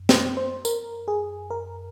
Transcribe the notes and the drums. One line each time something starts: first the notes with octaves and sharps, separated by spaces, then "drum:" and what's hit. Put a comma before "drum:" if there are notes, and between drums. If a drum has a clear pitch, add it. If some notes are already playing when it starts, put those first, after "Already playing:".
Already playing: F#2
C5, drum: snare
C5
A#4, drum: tambourine
G#4
A#4